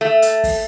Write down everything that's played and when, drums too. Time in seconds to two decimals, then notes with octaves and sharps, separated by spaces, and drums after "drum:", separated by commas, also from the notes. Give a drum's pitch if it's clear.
0.01 A3
0.22 drum: hi-hat
0.44 drum: kick, open hi-hat